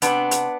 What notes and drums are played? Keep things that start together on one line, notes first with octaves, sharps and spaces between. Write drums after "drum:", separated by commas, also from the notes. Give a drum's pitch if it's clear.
C3 B3 D4, drum: hi-hat
drum: hi-hat